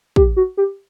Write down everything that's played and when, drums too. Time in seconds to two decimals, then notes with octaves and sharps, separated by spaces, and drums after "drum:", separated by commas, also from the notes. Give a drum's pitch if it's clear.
0.16 G4, drum: kick
0.36 F#4
0.57 G4